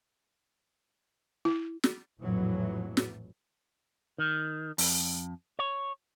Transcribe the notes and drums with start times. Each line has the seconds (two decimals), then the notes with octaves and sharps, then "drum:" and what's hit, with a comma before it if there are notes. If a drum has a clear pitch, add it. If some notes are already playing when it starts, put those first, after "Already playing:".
1.45 E4
1.84 drum: snare
2.20 A#1 F2 A2 E3 F#3
2.97 drum: snare
4.18 D#3
4.78 F2, drum: open hi-hat
5.59 C#5